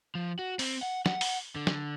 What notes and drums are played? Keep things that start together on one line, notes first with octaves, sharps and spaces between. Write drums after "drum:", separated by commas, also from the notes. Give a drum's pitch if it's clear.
F3
F#4
C4, drum: open hi-hat
F#5
F#5, drum: snare
drum: open hi-hat
D3
drum: snare